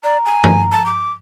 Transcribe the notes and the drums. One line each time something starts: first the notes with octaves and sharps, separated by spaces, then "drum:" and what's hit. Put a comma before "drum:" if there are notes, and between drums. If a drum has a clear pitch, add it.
D5 A#5
G#5
drum: tom G2
A5
D6